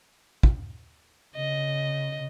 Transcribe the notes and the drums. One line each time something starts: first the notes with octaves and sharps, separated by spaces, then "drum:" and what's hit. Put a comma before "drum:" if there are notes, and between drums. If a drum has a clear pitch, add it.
drum: kick
C#3 D#5